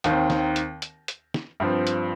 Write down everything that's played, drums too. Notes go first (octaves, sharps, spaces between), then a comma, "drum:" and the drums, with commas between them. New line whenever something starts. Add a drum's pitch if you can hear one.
D#2 D#3 C4, drum: hi-hat
drum: snare
drum: hi-hat
drum: hi-hat
drum: hi-hat
drum: snare
G2 F3 C4
drum: hi-hat